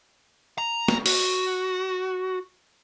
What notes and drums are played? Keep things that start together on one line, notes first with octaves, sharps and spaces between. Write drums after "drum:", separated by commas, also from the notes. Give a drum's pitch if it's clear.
A#5
drum: snare
F#4, drum: open hi-hat